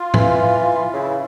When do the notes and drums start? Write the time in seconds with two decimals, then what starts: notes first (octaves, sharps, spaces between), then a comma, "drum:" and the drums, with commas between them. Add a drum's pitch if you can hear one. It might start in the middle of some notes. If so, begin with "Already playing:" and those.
Already playing: F4
0.14 E3, drum: tom
0.93 C#3 E4